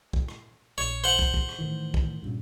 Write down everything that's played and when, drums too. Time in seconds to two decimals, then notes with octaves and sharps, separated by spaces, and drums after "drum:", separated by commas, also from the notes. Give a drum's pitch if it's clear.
0.13 drum: kick
0.28 drum: rim click
0.78 A#1 C#5
1.04 C5 F#5
1.19 drum: kick
1.34 drum: kick
1.49 drum: rim click
1.59 A2 D#3 E3
1.94 drum: kick
2.22 G2 A#2 C#3